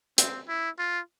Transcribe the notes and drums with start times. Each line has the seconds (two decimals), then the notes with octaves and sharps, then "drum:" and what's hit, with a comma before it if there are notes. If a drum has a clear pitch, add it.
0.18 C4, drum: hi-hat
0.48 E4
0.79 F4